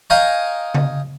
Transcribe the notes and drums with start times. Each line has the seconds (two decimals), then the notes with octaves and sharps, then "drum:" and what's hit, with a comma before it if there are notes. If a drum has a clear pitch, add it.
0.10 D#5 F5 G5 G#5 A#5 C#6
0.74 drum: tom C#3